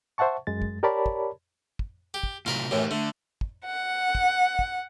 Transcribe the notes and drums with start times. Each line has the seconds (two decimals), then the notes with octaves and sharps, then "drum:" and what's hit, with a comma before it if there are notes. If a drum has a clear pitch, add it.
0.18 C5 E5 F#5 A5 C#6
0.47 F#2 G#3 A6
0.62 drum: kick
0.83 G4 A#4 C#5 D5 A5 B5
1.06 drum: kick
1.79 drum: kick
2.14 G4
2.23 drum: kick
2.46 A2 C3 F#3 F4 A#4 B5
2.71 F#2 A2 E3 G4 A#4 C#5
2.91 D3 A3
3.41 drum: kick
3.65 F#5
4.15 drum: kick
4.59 drum: kick